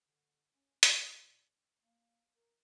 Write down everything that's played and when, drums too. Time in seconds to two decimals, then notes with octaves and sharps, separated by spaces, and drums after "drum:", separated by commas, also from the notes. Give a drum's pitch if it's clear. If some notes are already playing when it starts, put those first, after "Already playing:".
0.06 D3
0.54 C#4
0.83 A#2, drum: hi-hat
1.82 A#3
2.36 A#4